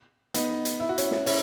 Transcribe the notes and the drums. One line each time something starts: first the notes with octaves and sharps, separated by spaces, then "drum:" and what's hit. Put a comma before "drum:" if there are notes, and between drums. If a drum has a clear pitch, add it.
B3 D#4, drum: hi-hat
drum: hi-hat
E4
F#4
C#4 E4, drum: hi-hat
drum: snare
C#4 E4, drum: open hi-hat